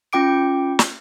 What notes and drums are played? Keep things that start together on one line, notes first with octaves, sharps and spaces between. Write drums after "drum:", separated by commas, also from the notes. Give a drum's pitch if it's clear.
C#4 F4 G5 D6 D7
drum: snare